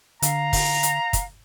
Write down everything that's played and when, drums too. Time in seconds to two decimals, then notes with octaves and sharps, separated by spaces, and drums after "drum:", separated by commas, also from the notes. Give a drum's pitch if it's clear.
0.22 D3 F5 A#5, drum: hi-hat
0.53 drum: kick, open hi-hat
0.83 drum: hi-hat
1.13 drum: kick, hi-hat